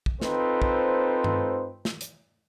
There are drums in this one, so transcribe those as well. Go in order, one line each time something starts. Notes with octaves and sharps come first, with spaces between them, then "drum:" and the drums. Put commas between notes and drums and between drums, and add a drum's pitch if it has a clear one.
drum: kick
C4 D#4 F4 A4 B4 C5, drum: snare
drum: kick
drum: tom G2
drum: snare
drum: hi-hat